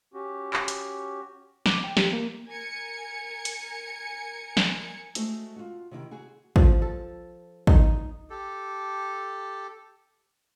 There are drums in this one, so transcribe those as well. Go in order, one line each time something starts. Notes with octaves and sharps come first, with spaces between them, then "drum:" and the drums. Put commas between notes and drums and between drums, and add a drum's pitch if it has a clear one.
C#4 F#4 G4
drum: clap
drum: hi-hat
D6, drum: snare
G5
G4, drum: snare
A#3
A#4 G#5 G#6 C#7
drum: hi-hat
drum: snare
G#3 A3 F#4 C5, drum: hi-hat
F4 F#4
C3 D#3 E4
F#4 G#4
F3, drum: kick
A4
D#4, drum: kick
G4 A4